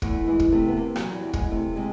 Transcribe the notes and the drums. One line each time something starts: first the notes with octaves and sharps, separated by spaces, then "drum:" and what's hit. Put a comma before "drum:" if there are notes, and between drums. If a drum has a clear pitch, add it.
E2 A3, drum: kick
E3 G#3
drum: kick
C3 A3
B3
C3 A#3
F#3, drum: rim click
E2
G3
E2
G#3, drum: kick
C3 A3
C3 G#3